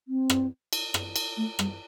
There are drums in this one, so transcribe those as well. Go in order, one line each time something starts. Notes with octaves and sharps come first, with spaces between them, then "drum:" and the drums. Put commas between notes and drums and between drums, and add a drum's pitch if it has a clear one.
C4
drum: rim click
drum: cymbal
drum: rim click
drum: cymbal
A3
G3, drum: rim click